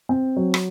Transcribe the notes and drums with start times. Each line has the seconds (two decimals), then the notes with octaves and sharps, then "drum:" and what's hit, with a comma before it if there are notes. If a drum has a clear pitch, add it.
0.09 C4
0.37 F#3
0.54 drum: rim click